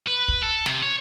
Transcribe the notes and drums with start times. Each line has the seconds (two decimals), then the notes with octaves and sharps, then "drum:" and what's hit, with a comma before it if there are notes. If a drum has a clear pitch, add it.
0.08 B4
0.28 drum: kick
0.43 A4
0.66 C3, drum: snare
0.83 C#5